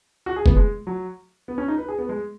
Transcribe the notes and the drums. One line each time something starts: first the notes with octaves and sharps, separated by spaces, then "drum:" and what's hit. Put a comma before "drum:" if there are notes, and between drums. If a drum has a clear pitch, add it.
F#4
G#4
B3, drum: kick
G#3
F#3
B3
C#4
D#4
B4
G#4
B3
G#3